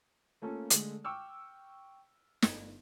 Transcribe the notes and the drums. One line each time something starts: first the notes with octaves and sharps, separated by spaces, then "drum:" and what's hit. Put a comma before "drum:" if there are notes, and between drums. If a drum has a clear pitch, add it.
A3 A#3 C#4 F4 A4
D3 G#3 A3, drum: hi-hat
G5 C#6 D6 E6 F6
G1, drum: snare